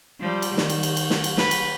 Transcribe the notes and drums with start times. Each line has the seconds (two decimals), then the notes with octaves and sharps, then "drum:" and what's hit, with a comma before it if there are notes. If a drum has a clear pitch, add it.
0.21 F3 G3
0.42 drum: cymbal
0.57 D#3, drum: snare
0.70 drum: cymbal
0.83 drum: cymbal
0.97 drum: cymbal
1.10 drum: snare
1.24 drum: cymbal
1.37 B4, drum: snare
1.51 drum: cymbal